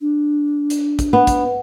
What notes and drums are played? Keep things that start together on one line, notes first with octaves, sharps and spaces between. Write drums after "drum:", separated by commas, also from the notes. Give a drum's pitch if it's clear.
D4
drum: hi-hat
drum: kick, hi-hat
B3
drum: kick, hi-hat